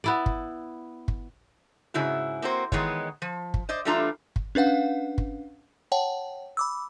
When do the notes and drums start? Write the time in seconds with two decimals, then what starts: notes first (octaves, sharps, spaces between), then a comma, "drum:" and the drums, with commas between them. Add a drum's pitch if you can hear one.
0.04 B3 E4 D5
0.26 drum: kick
1.08 drum: kick
1.94 G#2 C#3 E4 F#4
2.42 A#3 C4 F#4 C5
2.72 D#3 E3 G#3 B3 C#5, drum: kick
3.22 F3
3.54 drum: kick
3.69 C5 D5 D#5
3.85 E3 G3 A3 D4 F4 A#5
4.36 drum: kick
4.55 C#4 D4 B4 F5 F#5
5.18 drum: kick
5.92 C#5 F#5 G5 A5
6.57 B5 D6 E6